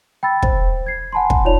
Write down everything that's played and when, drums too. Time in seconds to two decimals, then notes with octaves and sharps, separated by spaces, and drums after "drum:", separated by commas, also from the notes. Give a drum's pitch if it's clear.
0.23 G5 B5 E6 A6
0.42 C5, drum: kick
0.86 G#6 C7
1.13 F#5 G#5 A5 B5 C6
1.30 drum: kick
1.45 D#4 F4 C#5 D5 A5 F7